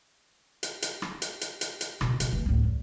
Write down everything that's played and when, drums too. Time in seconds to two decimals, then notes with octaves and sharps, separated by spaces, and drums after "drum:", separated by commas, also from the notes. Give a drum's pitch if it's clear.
0.63 drum: hi-hat
0.82 drum: hi-hat
1.02 drum: rim click
1.22 drum: hi-hat
1.41 drum: hi-hat
1.61 drum: hi-hat
1.81 drum: hi-hat
2.01 B2, drum: rim click
2.20 B2, drum: hi-hat
2.33 E3 A#3
2.46 C#2 A2
2.63 E2